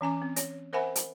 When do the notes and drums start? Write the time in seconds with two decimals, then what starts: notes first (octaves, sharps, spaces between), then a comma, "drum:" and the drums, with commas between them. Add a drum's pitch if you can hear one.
0.01 E3 C#4 G#5 D6
0.22 C4
0.36 C#5, drum: hi-hat
0.73 A#4 C5 E5 F#5 G#5 B5
0.96 drum: hi-hat